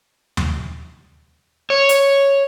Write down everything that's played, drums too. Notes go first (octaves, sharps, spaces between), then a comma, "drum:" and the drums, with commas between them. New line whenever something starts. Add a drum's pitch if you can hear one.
drum: tom D#2
C#5
drum: hi-hat